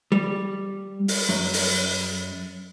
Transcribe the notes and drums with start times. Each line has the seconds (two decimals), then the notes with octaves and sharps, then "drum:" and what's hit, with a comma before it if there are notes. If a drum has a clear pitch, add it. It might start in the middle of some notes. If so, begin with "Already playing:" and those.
0.12 G3
1.08 drum: open hi-hat
1.29 F#2
1.53 drum: open hi-hat